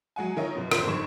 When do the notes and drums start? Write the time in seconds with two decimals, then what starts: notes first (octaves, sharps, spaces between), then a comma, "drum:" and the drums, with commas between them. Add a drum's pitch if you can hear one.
0.16 F#3 G#3 F#5 G#5
0.37 D#3 E4 F4 A#4 C#5 D#5
0.55 F#2 B2
0.71 G#1 F2 A#2 C5 C6 B6, drum: rim click
0.87 G#1 G2 D#3 C#6 G#6 E7